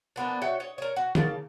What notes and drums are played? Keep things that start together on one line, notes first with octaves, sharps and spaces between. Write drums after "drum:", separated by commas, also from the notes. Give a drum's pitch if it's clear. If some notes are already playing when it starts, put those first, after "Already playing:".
F3 A#3 B3 D4
F#4 C#5 E5 G5
C#5 D#5
A#4 C#5
F#4
C#3 A#3 A5, drum: tom D3